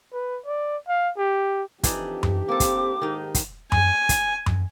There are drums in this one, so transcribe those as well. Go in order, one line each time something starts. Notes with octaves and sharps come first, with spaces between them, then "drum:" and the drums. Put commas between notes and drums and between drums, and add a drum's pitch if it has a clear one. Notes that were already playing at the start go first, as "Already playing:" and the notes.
B4
D5
F5
G4
F2 E3 D4 D#4 G4, drum: kick, hi-hat
drum: tom F#2
A#3 C4 A4 D6
drum: kick, hi-hat
G#2 D#3 D#4
drum: kick, hi-hat
G#5, drum: tom F#2
drum: kick, hi-hat
drum: tom F#2